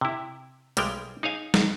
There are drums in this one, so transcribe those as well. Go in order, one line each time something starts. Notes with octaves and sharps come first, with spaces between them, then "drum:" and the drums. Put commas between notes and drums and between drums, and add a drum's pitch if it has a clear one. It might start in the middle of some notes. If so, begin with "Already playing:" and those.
C3 E4
B1 G3 G#3 A#4 G5, drum: hi-hat
D#4 G#4 C#5 F5 G#5
drum: snare